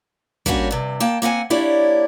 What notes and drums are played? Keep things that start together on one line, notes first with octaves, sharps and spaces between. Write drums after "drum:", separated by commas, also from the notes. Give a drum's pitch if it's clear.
G3 A#3 C#4 D4 F4 F#4, drum: kick
G2 C3
A#3 G5 A5
A#3 C4 F#5 G#5
A#3 D4 E4 G4 C#5 D5